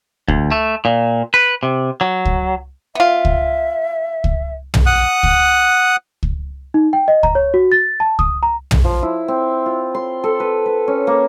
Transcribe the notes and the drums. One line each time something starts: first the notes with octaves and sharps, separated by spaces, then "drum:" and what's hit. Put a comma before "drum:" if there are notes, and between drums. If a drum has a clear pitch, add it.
D2, drum: kick C#2
A3
A#2
B4
C3
F#3
drum: kick C#2
B3 F4 E5
drum: kick C#2
drum: kick C#2
drum: tom
F#5 D#6 F#6
drum: kick C#2
drum: kick C#2
D#4
G5
D#5
A#5, drum: kick C#2
C#5
F#4
A6
A5
D#6, drum: kick C#2
A#5
drum: tom
F3
E4
C4
F4
C6
A4
B4
B4
C#4
A#3